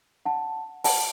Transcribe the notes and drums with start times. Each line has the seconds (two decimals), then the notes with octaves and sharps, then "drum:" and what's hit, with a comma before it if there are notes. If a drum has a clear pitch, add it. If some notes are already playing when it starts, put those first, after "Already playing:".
0.25 F#5 A5
0.84 F#5 A5, drum: open hi-hat